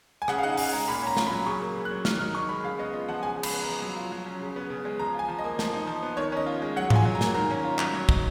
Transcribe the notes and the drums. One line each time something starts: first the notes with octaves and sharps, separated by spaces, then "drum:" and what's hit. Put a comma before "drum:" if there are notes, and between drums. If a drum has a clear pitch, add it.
G#5
C#3 F#5, drum: rim click
F5
D#4 F#5
C#3 G#5, drum: open hi-hat
G#3 A#5
A#2 B5
C#4 A#5
F4, drum: snare
B5
F#3
C#3 C#6
A#3
C#3
F#6
F#3
D#3 F6, drum: snare
D#4 F6
D#3 C#6
G#3 B5
C#3 F5
B3 D#5
F4 D#5
F3 F#5
C#3 G#5
G#3
B5, drum: cymbal
B3
A#5
F3
F#3
F4
F#3
C#4
C#3
B3
C#3
G#3
F3 A#5
F4 G#5
F3
D#5
A#3
F3, drum: snare
D#4
F3
B3
D#3 C#5
C#4 D#5
F4
G#3
F#3 F#5
F4, drum: tom G#2
G#5
F#3
A#5
A#3, drum: snare
D#3 A#5
C#4
F4
F#3, drum: clap
F#3
D#4, drum: kick